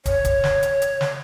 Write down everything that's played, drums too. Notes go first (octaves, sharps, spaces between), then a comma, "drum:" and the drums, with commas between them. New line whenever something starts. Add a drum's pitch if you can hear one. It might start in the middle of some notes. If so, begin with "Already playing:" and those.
C#5, drum: kick, hi-hat
drum: kick, hi-hat
drum: snare
drum: hi-hat
drum: hi-hat
drum: snare